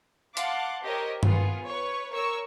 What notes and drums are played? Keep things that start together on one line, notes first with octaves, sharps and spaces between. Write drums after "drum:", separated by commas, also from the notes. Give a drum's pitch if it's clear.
F5 F#5 A5 C6 D6, drum: hi-hat
G4 A#4 C5 C#5 D#5
B3 F4 G#4, drum: tom G2
B4 C#5 C#6
A#4 C#5 C#6 E6